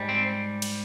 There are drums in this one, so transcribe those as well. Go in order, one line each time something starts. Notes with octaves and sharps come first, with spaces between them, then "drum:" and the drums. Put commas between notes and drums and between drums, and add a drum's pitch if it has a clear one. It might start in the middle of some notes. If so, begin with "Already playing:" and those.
Already playing: G#2 G3
C4
drum: cymbal